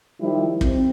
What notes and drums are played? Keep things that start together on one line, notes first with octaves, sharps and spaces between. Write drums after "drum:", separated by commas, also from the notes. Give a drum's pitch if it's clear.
D#3 F3 G3 E4
C4, drum: kick